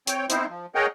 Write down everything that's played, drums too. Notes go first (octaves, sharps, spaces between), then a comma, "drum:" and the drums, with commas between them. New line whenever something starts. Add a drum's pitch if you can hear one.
C4 C#5 G5, drum: hi-hat
B3 C4 D#4 E4 C5, drum: hi-hat
F3
G#4 A#4 C#5 D#5 F#5 G5